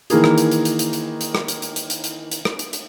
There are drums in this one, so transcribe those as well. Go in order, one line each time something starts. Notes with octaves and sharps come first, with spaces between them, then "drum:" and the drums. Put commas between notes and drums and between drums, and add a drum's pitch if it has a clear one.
D#3 E3 A#3 G#4, drum: hi-hat
drum: rim click
drum: hi-hat
drum: hi-hat
drum: hi-hat
drum: hi-hat
drum: hi-hat
drum: hi-hat
drum: rim click
drum: hi-hat
drum: hi-hat
drum: hi-hat
drum: hi-hat
drum: hi-hat
drum: hi-hat
drum: rim click
drum: hi-hat
drum: hi-hat